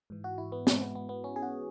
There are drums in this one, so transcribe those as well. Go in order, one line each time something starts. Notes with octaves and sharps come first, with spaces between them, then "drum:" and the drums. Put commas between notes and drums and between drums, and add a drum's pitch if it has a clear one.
G#2 E3
F#4
E4
B3
G#3, drum: snare C4
B3
B3
B3
C#4
G#4
F#4